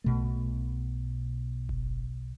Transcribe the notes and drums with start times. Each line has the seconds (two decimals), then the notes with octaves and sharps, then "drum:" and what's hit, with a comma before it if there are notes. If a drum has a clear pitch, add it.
0.04 B1 B2 A3
1.69 drum: kick F#1